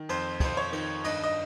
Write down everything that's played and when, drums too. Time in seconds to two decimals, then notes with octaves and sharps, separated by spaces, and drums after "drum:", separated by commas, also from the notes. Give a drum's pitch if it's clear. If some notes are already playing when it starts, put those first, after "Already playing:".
Already playing: D#3
0.09 F2 C5, drum: cymbal
0.40 F2 C5, drum: kick, cymbal
0.57 C#5
0.73 D#3, drum: cymbal
1.04 G2 D#5, drum: cymbal
1.24 D#5